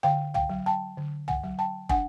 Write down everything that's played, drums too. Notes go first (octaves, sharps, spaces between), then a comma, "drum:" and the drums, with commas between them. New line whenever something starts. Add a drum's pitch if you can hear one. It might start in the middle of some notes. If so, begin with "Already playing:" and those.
D3 F5 G5
F5 G5, drum: tom
F#3
G5 A5
D3
F#5 G#5, drum: tom
F#3
G5 A5
D4 F#5 G#5, drum: kick